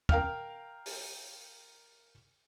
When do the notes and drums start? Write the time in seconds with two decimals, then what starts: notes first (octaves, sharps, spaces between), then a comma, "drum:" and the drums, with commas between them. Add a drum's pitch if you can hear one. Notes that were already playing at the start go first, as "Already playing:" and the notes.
0.09 A#4 F5 G5 F6, drum: kick
0.86 drum: open hi-hat